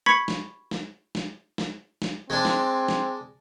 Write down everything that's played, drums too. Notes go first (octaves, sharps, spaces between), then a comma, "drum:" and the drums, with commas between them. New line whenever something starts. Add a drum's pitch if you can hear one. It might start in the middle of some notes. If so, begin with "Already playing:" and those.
B5 C#6 G#6 B6 C#7
drum: snare
drum: snare
drum: snare
drum: snare
drum: snare
G#3 C4 D4
drum: snare
drum: snare